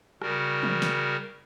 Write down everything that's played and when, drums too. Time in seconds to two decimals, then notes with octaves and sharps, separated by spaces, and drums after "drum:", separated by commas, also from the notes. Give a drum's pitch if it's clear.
0.22 C#3 G3 F#4 A#4, drum: rim click
0.63 drum: tom E3
0.82 drum: snare